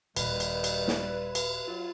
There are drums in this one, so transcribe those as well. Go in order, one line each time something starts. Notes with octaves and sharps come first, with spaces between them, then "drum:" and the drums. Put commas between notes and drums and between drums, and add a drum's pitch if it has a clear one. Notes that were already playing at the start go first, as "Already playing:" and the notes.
D#1 D#3 G3 B4, drum: cymbal
drum: cymbal
drum: cymbal
drum: snare
drum: cymbal
F#3 F4